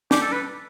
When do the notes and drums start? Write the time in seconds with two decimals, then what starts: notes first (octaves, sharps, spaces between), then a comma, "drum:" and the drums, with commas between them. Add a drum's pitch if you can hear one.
0.11 G4, drum: snare
0.21 A4
0.32 B4